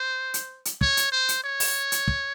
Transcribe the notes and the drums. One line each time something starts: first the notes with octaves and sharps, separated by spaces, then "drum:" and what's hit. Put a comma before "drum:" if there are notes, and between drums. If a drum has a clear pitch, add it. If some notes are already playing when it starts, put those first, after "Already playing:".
Already playing: C5
drum: hi-hat
drum: hi-hat
C#5, drum: kick
drum: hi-hat
C5
drum: hi-hat
C#5
drum: open hi-hat
drum: hi-hat
drum: kick